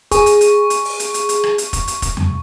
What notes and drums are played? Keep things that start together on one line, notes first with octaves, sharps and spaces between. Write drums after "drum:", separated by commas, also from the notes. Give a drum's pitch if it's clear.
G#4 C#6, drum: kick, hi-hat
drum: hi-hat
drum: hi-hat
drum: hi-hat
drum: open hi-hat
drum: hi-hat
drum: hi-hat
drum: hi-hat
drum: rim click
drum: hi-hat
drum: kick, hi-hat
drum: hi-hat
drum: kick, hi-hat
drum: tom E2